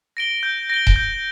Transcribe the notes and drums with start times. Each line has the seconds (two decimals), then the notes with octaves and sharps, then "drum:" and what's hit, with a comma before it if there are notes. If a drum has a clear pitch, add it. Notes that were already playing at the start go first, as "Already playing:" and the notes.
0.17 A#6 D7 G7
0.43 G6
0.70 A#6 D7 G7
0.87 drum: kick D#1
0.96 G6